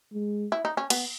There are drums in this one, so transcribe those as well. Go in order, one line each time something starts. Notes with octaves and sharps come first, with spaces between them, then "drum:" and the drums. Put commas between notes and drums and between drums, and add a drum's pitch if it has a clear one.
G#3
E4
D#4
C#4
B3, drum: cymbal